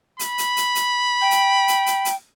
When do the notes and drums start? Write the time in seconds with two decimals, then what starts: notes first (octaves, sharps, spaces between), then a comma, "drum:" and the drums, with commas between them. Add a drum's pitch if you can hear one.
0.19 B5, drum: hi-hat
0.38 drum: hi-hat
0.57 drum: hi-hat
0.75 drum: hi-hat
1.21 G5
1.31 drum: hi-hat
1.68 drum: hi-hat
1.86 drum: hi-hat
2.05 drum: hi-hat